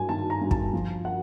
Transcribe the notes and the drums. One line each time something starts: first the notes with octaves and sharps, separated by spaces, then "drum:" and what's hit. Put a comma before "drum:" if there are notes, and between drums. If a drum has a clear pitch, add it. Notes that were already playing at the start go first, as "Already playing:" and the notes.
Already playing: G2 F#3 G#5
D#3 A5
A#5
G2
A5, drum: kick
F3
F#5